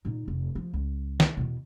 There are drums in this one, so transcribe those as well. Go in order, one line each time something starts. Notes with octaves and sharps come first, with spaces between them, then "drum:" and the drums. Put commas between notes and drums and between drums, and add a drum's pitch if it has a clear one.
A#2 D#4
F1
F3
C#2
drum: snare
E2 B2